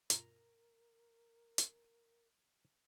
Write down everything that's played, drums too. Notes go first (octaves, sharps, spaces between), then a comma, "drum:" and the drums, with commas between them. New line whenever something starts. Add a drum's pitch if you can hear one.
G2 B2 F4 A#4 A#5, drum: hi-hat
drum: hi-hat